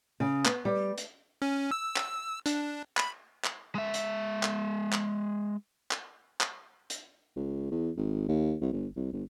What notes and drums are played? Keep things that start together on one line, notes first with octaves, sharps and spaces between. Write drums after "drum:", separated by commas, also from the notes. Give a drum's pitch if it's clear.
C#3
B3, drum: clap
G3
drum: hi-hat
C#4
E6
drum: clap
D4, drum: hi-hat
B5, drum: clap
drum: clap
G#3 E5
drum: hi-hat
drum: clap
drum: clap
drum: clap
drum: clap
drum: hi-hat
C#2
E2
G#1
D#2
C2
G1
C2
G1